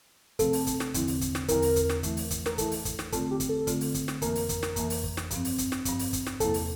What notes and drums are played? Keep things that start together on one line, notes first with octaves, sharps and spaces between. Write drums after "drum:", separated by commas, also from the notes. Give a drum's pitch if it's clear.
C3 F3 A3 C4 A4, drum: kick, hi-hat
drum: open hi-hat
drum: kick, hi-hat
drum: snare
E2 D3 F3 C4 E4, drum: kick, hi-hat
drum: open hi-hat
drum: kick, hi-hat
drum: snare
E2 D3 F3 C4 E4 A#4, drum: kick, hi-hat
drum: open hi-hat
drum: kick, hi-hat
drum: snare
E3 A3 E4, drum: kick, hi-hat
drum: open hi-hat
drum: kick, hi-hat
A#4, drum: snare
E3 A3 E4 A4, drum: kick, hi-hat
drum: open hi-hat
drum: kick, hi-hat
drum: snare
D3 A3 C4 F4 A4, drum: kick, hi-hat
G4
drum: kick, hi-hat
A4
D3 A3 C4 F4, drum: kick, hi-hat
drum: open hi-hat
drum: kick, hi-hat
drum: snare
F2 E3 A#3 A#4, drum: kick, hi-hat
drum: open hi-hat
drum: kick, hi-hat
drum: snare
F2 E3 A#3, drum: kick, hi-hat
drum: open hi-hat
drum: kick
drum: snare
G2 F3 C4, drum: kick, hi-hat
drum: open hi-hat
drum: kick, hi-hat
drum: snare
G2 F3 C4, drum: kick, hi-hat
drum: open hi-hat
drum: kick, hi-hat
drum: snare
E2 C3 F3 A#3 E4 A4, drum: kick, hi-hat
drum: open hi-hat